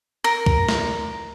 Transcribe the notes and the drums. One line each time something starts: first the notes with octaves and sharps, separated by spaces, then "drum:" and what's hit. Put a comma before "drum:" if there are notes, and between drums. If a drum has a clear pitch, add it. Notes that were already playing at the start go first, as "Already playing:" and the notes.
A#4
drum: kick
drum: snare